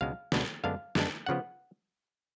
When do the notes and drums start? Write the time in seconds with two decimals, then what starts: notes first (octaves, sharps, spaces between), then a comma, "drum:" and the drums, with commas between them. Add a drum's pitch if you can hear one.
0.01 C#2 B2 G#3 B3 D4 F5
0.32 C#2 B2 G#3 B3 D4, drum: snare
0.64 F#2 D3 G#3 B3 D4 F5
0.95 F#2 D3 G#3 B3 D4, drum: snare
1.26 C#3 F3 B3 F#5